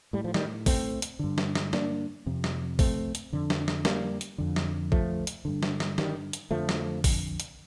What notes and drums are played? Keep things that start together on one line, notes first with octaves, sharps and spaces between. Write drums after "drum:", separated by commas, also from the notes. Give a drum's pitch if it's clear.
A2 G3
F3
D#3 G3, drum: snare
A3 C4, drum: kick A1, open hi-hat
drum: hi-hat
G2 D3
drum: snare
drum: snare
A#3 D4, drum: snare
F2 C3
drum: snare
A3 C4, drum: kick A1, open hi-hat
drum: hi-hat
F2 D3
drum: snare
drum: snare
G3 A#3, drum: snare
drum: hi-hat
F2 D3
drum: snare
F3 A3, drum: kick A1
drum: hi-hat
G2 D3
drum: snare
drum: snare
D#3 G3, drum: snare
drum: hi-hat
F2 D3 F3 A3
drum: snare
drum: kick A1, open hi-hat
drum: hi-hat